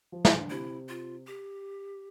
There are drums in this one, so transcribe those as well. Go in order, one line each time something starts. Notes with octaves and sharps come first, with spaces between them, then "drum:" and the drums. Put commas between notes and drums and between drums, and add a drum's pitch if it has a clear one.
F3
E3, drum: snare
D3
C3 E4
F4
G4